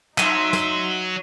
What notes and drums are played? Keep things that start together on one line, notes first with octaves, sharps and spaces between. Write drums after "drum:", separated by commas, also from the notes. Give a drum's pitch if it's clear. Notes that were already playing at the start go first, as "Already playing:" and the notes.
F#3 D#4 E5 C6 D#7 E7, drum: clap
drum: snare